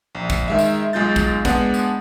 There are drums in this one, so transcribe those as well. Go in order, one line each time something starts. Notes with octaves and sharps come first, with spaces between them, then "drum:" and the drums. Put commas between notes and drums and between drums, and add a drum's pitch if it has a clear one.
A#1
drum: kick, tambourine
D#3 G#3 E5
drum: tambourine
B1 G#3 F4 G6 A6
drum: kick, tambourine
G#3 B3 D4 F#5, drum: kick, tambourine
drum: tambourine